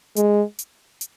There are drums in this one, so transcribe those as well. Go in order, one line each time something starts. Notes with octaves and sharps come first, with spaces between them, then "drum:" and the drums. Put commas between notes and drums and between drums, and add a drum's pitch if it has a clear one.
G#3, drum: hi-hat
drum: hi-hat
drum: hi-hat